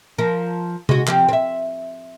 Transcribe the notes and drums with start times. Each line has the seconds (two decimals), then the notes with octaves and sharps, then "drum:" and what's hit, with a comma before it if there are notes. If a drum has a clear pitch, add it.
0.18 F3 A#4
0.89 G#3 F#4, drum: tom C3
1.07 F3 C4 G4, drum: clap
1.29 C4 E5